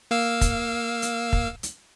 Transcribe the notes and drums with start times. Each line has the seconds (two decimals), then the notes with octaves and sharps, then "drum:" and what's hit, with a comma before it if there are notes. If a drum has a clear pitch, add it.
0.11 A#3 F5 E6
0.41 drum: kick, hi-hat
1.02 drum: hi-hat
1.33 drum: kick
1.63 drum: hi-hat